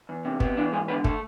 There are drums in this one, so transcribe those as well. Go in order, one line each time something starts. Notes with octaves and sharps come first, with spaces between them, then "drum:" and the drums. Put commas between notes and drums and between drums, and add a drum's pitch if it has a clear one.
E2
C3
B3, drum: kick G1
E3 D4
G#2 G#3 G#4
D3 B3 B4
A3 A4, drum: kick G1